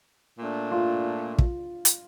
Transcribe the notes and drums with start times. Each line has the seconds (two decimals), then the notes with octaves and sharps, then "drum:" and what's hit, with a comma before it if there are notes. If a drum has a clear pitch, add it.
0.38 A#2 A3 D4
0.71 F4
1.38 F4, drum: kick
1.85 drum: hi-hat